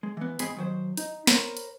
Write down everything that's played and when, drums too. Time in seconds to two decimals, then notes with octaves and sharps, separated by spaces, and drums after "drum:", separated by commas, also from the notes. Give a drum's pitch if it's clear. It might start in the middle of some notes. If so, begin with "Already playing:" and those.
0.03 G#3
0.17 E3 B3
0.39 G#2 C4 G#4 B5, drum: hi-hat
0.57 D#3 F#3 C5
0.97 D#4, drum: hi-hat
1.27 A#4 C5 C#5 A#5 B5, drum: snare
1.57 drum: hi-hat